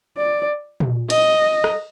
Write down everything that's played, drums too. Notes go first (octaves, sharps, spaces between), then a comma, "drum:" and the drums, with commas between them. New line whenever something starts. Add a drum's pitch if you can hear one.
D5
drum: tom A#2
D#5, drum: cymbal
drum: rim click